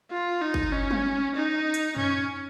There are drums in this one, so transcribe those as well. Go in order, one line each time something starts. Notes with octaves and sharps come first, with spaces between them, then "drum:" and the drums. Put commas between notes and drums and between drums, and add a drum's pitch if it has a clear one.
F4
D#4
drum: kick G1
C#4
drum: tom
D#4
drum: hi-hat
C#4, drum: tom